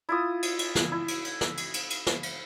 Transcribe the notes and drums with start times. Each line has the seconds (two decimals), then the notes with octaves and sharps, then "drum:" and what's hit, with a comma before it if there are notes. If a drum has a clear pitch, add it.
0.09 E4 F4 D#6
0.43 drum: cymbal
0.59 drum: cymbal
0.75 drum: snare
0.92 E4
1.08 drum: cymbal
1.25 drum: cymbal
1.41 drum: snare
1.57 drum: cymbal
1.74 drum: cymbal
1.90 drum: cymbal
2.07 drum: snare
2.23 drum: cymbal